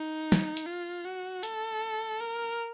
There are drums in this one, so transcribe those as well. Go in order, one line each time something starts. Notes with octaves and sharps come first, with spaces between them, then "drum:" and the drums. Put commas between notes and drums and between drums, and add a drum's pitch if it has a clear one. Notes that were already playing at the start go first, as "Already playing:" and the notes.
Already playing: D#4
drum: snare
drum: hi-hat
F4
F#4
A4, drum: hi-hat
A#4